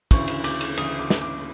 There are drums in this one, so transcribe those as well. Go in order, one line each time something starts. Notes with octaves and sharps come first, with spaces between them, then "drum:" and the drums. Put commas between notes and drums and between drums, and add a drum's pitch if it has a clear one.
D2 C#3 E3 C#6, drum: kick, cymbal
drum: cymbal
D6, drum: cymbal
drum: cymbal
D2 C#3 E3 D#6, drum: cymbal
D6
drum: snare
D6